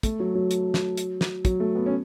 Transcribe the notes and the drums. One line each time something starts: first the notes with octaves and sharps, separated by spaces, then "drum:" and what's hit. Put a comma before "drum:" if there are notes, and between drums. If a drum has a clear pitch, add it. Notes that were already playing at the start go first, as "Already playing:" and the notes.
A3, drum: kick, hi-hat
F#3
F#3
drum: hi-hat
drum: snare
drum: hi-hat
drum: snare
F#3, drum: kick, hi-hat
A3
B3
C#4